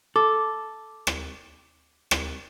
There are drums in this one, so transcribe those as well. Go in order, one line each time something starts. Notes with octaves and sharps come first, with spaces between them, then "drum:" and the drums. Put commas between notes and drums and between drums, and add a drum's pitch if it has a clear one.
A4 D6
drum: rim click
drum: rim click